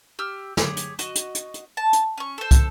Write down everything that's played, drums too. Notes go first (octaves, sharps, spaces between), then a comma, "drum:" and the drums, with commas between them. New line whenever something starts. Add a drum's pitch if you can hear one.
G4 E6 F6
G4 G#4 C#5, drum: snare
drum: hi-hat
F#4 D#5, drum: hi-hat
drum: hi-hat
drum: hi-hat
drum: hi-hat
A5
drum: hi-hat
C#4 C#6
A4 C5
drum: kick, hi-hat